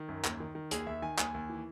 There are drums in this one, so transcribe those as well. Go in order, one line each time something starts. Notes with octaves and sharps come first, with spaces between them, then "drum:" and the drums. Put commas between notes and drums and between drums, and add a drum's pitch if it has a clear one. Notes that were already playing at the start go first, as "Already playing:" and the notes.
Already playing: D#3
F#2
D#2, drum: clap
D#3
D#3
D#2 G#4, drum: hi-hat
D#2 E5
D#3 G#5
D#2 G#5, drum: clap
D#2
E3